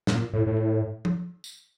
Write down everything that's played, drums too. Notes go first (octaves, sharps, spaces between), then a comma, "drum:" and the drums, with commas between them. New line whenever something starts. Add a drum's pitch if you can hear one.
A#2, drum: snare
A2
A2
drum: tom
drum: tambourine